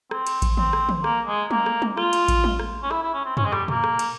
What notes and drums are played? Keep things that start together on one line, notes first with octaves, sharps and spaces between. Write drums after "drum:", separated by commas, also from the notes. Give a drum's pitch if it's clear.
C4, drum: rim click
drum: cymbal
drum: kick A1, cymbal
C4, drum: tom
drum: rim click
drum: tom
A#3, drum: rim click
G#3
A#3, drum: tom
drum: rim click
drum: tom
F4, drum: rim click
drum: cymbal
drum: kick A1, cymbal
drum: tom
drum: rim click
C#4
E4, drum: rim click
E4
C#4
C4
C#4, drum: tom
G#3
G3, drum: rim click
A#3, drum: tom
drum: rim click
drum: cymbal